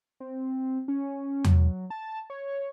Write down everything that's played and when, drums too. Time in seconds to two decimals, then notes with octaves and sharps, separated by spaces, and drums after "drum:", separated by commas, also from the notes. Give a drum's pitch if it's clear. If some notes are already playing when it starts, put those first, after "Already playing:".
0.20 C4
0.88 C#4
1.45 F#3, drum: tom E2
1.90 A5
2.30 C#5